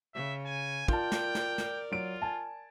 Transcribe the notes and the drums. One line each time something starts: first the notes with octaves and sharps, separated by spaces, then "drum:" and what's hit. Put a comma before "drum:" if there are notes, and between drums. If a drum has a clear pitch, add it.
C#3 E5
G#5
F4 A#4 D5 G5 A5, drum: kick
drum: snare
drum: snare
drum: snare
F#3 F4 D7
G#5 A5